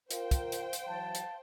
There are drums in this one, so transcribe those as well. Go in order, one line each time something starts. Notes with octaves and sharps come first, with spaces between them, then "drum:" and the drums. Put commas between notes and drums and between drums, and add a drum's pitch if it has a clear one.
F4 A#4 C5 F5 G5, drum: hi-hat
drum: kick, hi-hat
drum: hi-hat
drum: hi-hat
E3 F#3 A5
drum: hi-hat